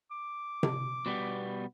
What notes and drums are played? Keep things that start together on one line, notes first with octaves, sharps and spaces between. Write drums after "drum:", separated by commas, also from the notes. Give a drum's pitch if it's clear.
D6
drum: tom C3
B2 G3 B3